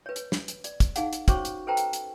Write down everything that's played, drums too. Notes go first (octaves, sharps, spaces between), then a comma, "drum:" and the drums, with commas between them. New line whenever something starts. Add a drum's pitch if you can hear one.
B4 C#5
drum: hi-hat
drum: snare
drum: hi-hat
D5, drum: hi-hat
drum: kick, hi-hat
D#4 G#4 F5 F#5, drum: hi-hat
drum: hi-hat
C#4 F#4 C5 C#5 C#6 D6, drum: kick, hi-hat
drum: hi-hat
A4 B4 C5 G5 A5 A#5
drum: hi-hat
drum: hi-hat